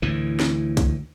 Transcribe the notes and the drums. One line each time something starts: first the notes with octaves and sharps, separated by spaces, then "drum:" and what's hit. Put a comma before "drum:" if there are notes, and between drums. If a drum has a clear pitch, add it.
D2 A2 E3
drum: snare
drum: kick B1, hi-hat